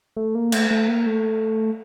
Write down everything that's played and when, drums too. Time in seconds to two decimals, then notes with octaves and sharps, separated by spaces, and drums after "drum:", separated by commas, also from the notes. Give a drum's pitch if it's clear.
0.16 A3
0.35 A#3
0.52 A3, drum: cymbal
0.71 A3
0.88 A#3
1.06 A3